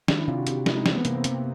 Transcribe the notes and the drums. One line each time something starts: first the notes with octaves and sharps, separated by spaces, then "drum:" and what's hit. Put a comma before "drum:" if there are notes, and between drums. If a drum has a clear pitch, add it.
D#3 D4, drum: snare
E4
C3 F4
F#4
C3 G4, drum: hi-hat
G#3 E4, drum: snare
D#4
E3 C4, drum: snare
B3
C3 A#3, drum: hi-hat
C4
C3 A#3, drum: hi-hat